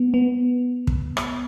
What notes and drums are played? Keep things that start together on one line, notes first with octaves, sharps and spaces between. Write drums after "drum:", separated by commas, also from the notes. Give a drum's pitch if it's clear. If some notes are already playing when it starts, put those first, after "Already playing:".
Already playing: B3
B3
drum: kick
drum: rim click